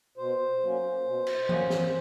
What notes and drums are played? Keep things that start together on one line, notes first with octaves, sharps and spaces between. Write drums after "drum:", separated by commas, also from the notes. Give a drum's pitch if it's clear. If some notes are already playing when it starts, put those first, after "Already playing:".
B2 C5
F#3 A#3 C#4
B2
drum: cymbal
F#3 A#3 C#4, drum: tom E3
drum: snare